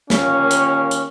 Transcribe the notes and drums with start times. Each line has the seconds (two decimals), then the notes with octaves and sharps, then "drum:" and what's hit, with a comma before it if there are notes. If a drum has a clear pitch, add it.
0.10 D#2 A#2 C#4 A#4, drum: snare
0.51 drum: hi-hat
0.91 drum: hi-hat